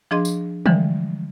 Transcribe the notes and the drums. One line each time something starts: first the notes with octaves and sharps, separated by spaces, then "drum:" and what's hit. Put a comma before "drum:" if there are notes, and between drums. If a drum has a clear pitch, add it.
F3 D4 G#4 D#5 C6
drum: tambourine
D3 E3 F3 G3 G#3, drum: tom